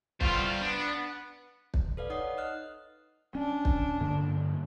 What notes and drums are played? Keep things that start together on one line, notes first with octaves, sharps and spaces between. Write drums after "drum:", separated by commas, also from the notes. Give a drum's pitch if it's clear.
G3 A3 B3 F4 C5, drum: kick
B3 D4
drum: kick
A4 B4 D5 F5
D#4 C#5 F#5 D#6 C7
D#5 F6 F#6
C#4 D4
drum: kick
G2 D3 A#3